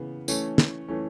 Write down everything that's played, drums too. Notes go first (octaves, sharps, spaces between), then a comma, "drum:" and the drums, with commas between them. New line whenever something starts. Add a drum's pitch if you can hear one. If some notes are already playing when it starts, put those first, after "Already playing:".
Already playing: C#3 E3 B3
E3 A3 C#4, drum: tambourine
drum: snare
E3 A3 C#4